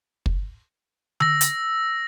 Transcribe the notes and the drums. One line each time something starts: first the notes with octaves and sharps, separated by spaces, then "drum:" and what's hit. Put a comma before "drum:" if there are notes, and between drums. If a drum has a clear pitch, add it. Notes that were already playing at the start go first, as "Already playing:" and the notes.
drum: kick
E6 A#6, drum: tom D3
drum: hi-hat